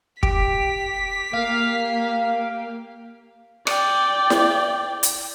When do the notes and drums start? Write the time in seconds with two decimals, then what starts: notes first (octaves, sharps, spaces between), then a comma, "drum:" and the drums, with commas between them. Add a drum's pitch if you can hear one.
0.23 G4 B6, drum: kick
1.34 A#3 F5
3.67 D5 G5, drum: rim click
4.30 drum: snare E4
5.03 drum: hi-hat